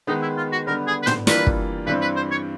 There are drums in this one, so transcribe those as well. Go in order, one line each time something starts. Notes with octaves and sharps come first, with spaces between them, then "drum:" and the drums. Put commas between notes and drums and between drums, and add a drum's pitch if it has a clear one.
D#3 G#3 B3 D#4
E4
F4
F#4
D3 G3 B3 A#4
G#4
B4
C5, drum: tom
E3 G3 A#3 D4 F4 B4, drum: snare
drum: kick
G2 E3 G3 C4 B4
B4
C5
C#5